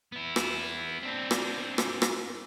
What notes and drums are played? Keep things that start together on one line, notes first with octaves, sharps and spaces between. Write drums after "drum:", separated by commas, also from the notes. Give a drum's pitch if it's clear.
B3 E4
drum: rim click
C4 D4
drum: rim click
drum: rim click
drum: rim click